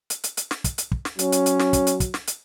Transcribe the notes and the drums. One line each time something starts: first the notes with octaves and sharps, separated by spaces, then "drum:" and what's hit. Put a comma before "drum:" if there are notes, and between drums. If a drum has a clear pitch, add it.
drum: hi-hat
drum: hi-hat
drum: hi-hat
drum: snare
drum: kick, hi-hat
drum: hi-hat
drum: kick
drum: snare
F#3 C#4, drum: hi-hat
drum: hi-hat
drum: hi-hat
drum: snare
drum: kick, hi-hat
drum: hi-hat
drum: kick, hi-hat
drum: snare
drum: hi-hat